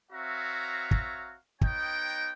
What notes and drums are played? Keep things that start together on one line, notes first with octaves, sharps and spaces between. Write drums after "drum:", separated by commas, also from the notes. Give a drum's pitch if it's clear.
C4 F#4 C#5 E5 F5 A#5
drum: kick
B3 D#4 C#5 D#5 G5, drum: kick